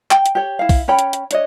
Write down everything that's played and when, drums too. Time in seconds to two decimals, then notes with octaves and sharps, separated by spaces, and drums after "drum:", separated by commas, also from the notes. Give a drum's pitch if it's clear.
0.11 G5, drum: clap
0.26 drum: hi-hat
0.35 G4 C#5
0.59 E4 F5
0.69 drum: kick, open hi-hat
0.88 C#4 C#5 G5 B5
0.99 drum: hi-hat
1.13 drum: hi-hat
1.31 D4 C#5 D#5, drum: hi-hat